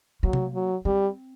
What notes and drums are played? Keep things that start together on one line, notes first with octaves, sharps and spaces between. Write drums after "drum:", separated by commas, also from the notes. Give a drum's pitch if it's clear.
F#3 A#3
drum: tom C3
F#3
G3 C4